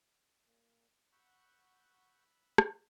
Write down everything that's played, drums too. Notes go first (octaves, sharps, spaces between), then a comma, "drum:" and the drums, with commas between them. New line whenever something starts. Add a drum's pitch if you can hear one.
A#2
F#5 B5 C#6 E6 F#6 G6
drum: rim click